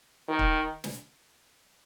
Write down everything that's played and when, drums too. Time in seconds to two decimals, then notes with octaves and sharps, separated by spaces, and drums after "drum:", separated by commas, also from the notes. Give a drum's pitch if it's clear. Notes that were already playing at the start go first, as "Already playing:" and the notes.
0.28 D#3
0.39 drum: kick C#1
0.84 drum: snare